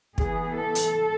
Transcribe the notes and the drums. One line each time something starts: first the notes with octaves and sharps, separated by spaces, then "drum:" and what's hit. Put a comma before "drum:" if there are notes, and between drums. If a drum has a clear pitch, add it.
E3 B3 G#4, drum: kick
A4
drum: hi-hat